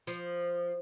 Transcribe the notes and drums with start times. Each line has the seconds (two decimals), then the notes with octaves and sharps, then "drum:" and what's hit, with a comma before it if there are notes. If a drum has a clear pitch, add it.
0.07 F3, drum: tambourine